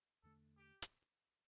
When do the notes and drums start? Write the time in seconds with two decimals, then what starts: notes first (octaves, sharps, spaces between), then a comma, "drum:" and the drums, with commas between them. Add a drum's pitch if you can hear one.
0.23 E2 D3 A3 A4
0.57 G4
0.82 drum: hi-hat